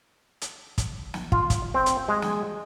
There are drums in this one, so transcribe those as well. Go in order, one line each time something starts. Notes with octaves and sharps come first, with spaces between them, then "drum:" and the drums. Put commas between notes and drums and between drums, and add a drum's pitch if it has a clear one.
drum: hi-hat
drum: kick, hi-hat
drum: snare
F4, drum: kick
drum: kick, hi-hat
C4
drum: hi-hat
G#3
drum: snare